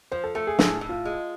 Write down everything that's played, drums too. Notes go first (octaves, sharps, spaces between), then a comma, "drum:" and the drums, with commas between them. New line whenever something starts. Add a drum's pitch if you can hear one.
F3 C5
A4
A3 A4
G#4
A2 G#4, drum: snare
A2
F4
G#3